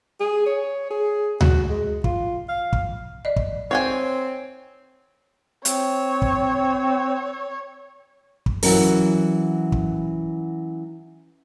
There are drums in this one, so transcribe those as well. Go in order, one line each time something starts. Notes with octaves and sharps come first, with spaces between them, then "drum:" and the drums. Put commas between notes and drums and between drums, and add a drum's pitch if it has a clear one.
G#4
C#5
G#4
F#4, drum: tom D2
G#3
F4, drum: kick
F5
drum: kick
D5 D#5
drum: kick
C4 C#5 G5 G#5
C4 C#5, drum: hi-hat
drum: kick
drum: kick
E3 F#3 C#4 A#4, drum: open hi-hat
drum: kick